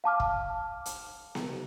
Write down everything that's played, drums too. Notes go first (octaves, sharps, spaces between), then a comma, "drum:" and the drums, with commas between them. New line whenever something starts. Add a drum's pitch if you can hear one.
F5 A5 D6 F6
drum: kick
drum: hi-hat
drum: snare B3